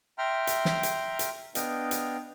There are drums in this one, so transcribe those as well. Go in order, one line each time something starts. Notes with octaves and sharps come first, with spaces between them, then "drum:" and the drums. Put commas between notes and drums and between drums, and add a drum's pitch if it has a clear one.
E5 G5 A#5 C6 F6
drum: hi-hat
drum: snare
drum: hi-hat
drum: hi-hat
B3 D4 D#5 F5 G5, drum: hi-hat
drum: hi-hat